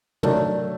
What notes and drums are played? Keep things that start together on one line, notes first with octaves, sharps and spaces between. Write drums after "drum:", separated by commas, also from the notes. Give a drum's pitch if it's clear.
D#3 F#3 A3 D4, drum: tom